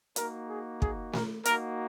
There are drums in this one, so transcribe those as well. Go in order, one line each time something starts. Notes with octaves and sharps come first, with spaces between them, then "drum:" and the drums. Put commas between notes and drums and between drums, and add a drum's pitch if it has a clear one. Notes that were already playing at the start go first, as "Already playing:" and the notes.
A#3 D#4 F#4 A#4, drum: hi-hat
G#4
G#4, drum: kick
A#4, drum: snare A3
A#3 D#4 F#4 A#4, drum: hi-hat